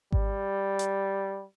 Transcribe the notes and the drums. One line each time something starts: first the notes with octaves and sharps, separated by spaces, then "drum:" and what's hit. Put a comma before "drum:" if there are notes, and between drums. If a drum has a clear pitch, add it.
G3, drum: kick G#1
drum: hi-hat